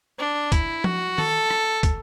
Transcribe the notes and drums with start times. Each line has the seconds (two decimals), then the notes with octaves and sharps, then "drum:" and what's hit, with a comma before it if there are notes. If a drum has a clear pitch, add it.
0.19 D4
0.52 E4, drum: kick, hi-hat
0.84 F#4, drum: tom F3
1.18 A4, drum: tom D#3
1.50 drum: rim click
1.83 drum: kick, hi-hat